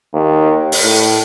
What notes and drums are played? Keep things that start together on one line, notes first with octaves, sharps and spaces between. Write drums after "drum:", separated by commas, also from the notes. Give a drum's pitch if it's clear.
D#2
drum: open hi-hat
A2